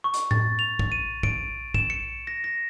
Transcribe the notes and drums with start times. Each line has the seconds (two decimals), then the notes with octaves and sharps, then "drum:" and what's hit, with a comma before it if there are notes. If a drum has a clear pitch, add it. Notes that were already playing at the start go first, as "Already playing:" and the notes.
0.04 C#6
0.14 drum: hi-hat
0.31 A6, drum: tom A2
0.59 F7
0.79 drum: kick A#1
0.92 D#7
1.23 D7, drum: kick A#1
1.74 E7, drum: kick A#1
1.90 C#7
2.27 A#6
2.44 A#6